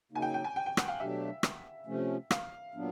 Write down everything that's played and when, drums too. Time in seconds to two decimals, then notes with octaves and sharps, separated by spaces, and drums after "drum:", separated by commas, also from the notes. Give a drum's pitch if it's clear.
0.12 C#3 F#3 A#3 D#4 G#5
0.22 G5
0.34 G5
0.44 G#5
0.56 G5
0.66 G5
0.77 F#5, drum: rim click
0.88 F5
0.99 B2 F#3 A3 D4 G4 E5
1.43 drum: rim click
1.86 C3 F3 A3 C#4
2.31 F5, drum: rim click
2.74 A#2 F#3 B3 D4